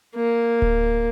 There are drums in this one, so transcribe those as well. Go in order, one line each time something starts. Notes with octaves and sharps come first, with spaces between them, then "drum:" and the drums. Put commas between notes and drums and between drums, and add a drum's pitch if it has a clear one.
A#3
drum: kick D1